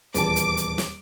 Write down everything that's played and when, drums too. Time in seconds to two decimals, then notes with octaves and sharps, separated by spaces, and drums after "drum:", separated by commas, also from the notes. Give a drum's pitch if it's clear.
0.15 D#1 E2 B4 A5 D6, drum: hi-hat
0.36 drum: hi-hat
0.57 drum: hi-hat
0.78 drum: snare